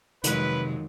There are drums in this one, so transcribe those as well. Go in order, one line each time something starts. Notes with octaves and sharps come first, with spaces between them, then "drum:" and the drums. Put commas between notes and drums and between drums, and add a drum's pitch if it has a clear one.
F2 C3 D#3 F#3 G#3 B4, drum: hi-hat